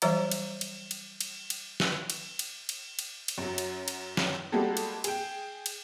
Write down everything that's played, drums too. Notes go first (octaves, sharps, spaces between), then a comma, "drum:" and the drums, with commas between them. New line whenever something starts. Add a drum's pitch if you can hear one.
E3 F#3 G3 C5 E5 A#5, drum: cymbal
drum: cymbal
drum: cymbal
drum: cymbal
drum: cymbal
drum: cymbal
drum: snare
drum: cymbal
drum: cymbal
drum: cymbal
drum: cymbal
drum: cymbal
F#2 F#3
drum: cymbal
drum: cymbal
drum: snare
G3 G#3 A#3 F#4 G4 A4
drum: cymbal
G#4 G5, drum: cymbal
drum: cymbal